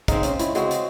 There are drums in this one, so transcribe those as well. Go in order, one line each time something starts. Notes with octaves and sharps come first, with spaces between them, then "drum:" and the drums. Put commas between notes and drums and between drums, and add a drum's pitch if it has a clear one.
C#3 G#3 C4 D#4, drum: kick, hi-hat
C#4, drum: hi-hat
E4, drum: hi-hat
C#3 G#3 C4 F#4, drum: hi-hat
drum: hi-hat